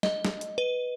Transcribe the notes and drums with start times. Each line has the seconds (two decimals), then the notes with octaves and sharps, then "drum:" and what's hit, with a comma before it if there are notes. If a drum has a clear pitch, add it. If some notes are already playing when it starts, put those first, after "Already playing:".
0.03 D#5, drum: snare
0.25 drum: snare
0.41 drum: hi-hat
0.58 B4